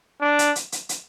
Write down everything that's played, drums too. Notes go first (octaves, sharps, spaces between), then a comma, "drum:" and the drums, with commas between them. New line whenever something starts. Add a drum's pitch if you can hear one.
D4
drum: hi-hat
drum: hi-hat
drum: hi-hat
drum: hi-hat